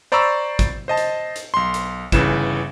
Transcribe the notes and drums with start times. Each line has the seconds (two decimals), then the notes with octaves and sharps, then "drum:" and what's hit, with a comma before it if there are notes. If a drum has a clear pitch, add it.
0.12 C5 D5 A#5 B5 C#6 E6
0.59 drum: kick, hi-hat
0.88 C5 D#5 A5
0.97 drum: hi-hat
1.36 drum: hi-hat
1.54 B1 C6
1.74 drum: hi-hat
2.12 G1 C#3 E3 E7, drum: kick, hi-hat